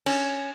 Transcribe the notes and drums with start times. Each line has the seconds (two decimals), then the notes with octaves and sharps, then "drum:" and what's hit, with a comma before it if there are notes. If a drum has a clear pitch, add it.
0.06 C#4, drum: cymbal